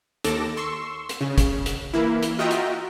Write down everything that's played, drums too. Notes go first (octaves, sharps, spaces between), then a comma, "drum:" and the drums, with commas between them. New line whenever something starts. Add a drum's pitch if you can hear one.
D#2 A4 D6 A#6 E7, drum: hi-hat
C6 C#6 E6
drum: hi-hat
C#3
drum: kick, hi-hat
drum: hi-hat
E3 A#3 E4
drum: hi-hat
F4 F#4 D#5 E5 G5 A#5
drum: hi-hat